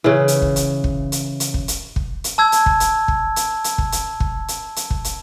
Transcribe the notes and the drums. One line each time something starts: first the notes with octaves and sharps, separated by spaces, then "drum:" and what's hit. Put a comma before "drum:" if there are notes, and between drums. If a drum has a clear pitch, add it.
C#3 E3
drum: hi-hat
drum: kick
drum: hi-hat
drum: kick
drum: hi-hat
drum: hi-hat
drum: kick
drum: hi-hat
drum: kick
drum: hi-hat
A5 E6 G#6
drum: hi-hat
drum: kick
drum: hi-hat
drum: kick
drum: hi-hat
drum: hi-hat
drum: kick
drum: hi-hat
drum: kick
drum: hi-hat
drum: hi-hat
drum: kick
drum: hi-hat